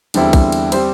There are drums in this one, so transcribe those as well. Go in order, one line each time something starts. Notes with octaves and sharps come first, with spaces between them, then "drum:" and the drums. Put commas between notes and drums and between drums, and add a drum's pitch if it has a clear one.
E2 D3 G3 C4 E4, drum: cymbal
drum: kick B1, cymbal
drum: cymbal
G3 C4 G4 C5, drum: cymbal